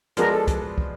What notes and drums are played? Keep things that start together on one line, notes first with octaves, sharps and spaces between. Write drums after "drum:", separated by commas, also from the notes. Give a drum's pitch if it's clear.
F3 G#3 B3 D4 F#4 A#4, drum: hi-hat
A4
drum: kick, hi-hat
drum: kick